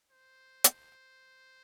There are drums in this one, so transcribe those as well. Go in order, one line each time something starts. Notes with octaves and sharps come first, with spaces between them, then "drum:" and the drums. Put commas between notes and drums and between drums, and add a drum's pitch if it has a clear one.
C5
drum: hi-hat